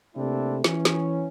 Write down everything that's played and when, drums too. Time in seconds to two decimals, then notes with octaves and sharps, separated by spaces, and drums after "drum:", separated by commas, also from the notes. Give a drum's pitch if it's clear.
0.16 C3 A3 A#3 C4 D4 E4
0.64 E3 C#4, drum: snare
0.85 drum: snare